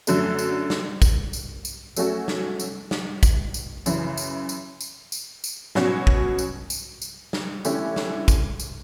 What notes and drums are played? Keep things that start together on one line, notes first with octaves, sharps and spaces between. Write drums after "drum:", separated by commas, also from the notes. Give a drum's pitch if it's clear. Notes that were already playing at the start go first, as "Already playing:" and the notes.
F#2 D3 F#3 A3, drum: tambourine
drum: tambourine
drum: snare
drum: kick, tambourine
drum: tambourine
drum: tambourine
F#3 A3 C#4 F#4 A4, drum: tambourine
drum: snare
drum: tambourine
drum: snare
drum: kick, tambourine
drum: tambourine
F#2 C#3 E3, drum: tambourine
drum: tambourine
drum: tambourine
drum: tambourine
drum: tambourine
drum: tambourine
B2 F#3 C#4 F#4, drum: snare
drum: kick
drum: tambourine
drum: tambourine
drum: tambourine
drum: snare
D3 A3 C#4 E4 G4, drum: tambourine
drum: snare
drum: kick, tambourine
drum: tambourine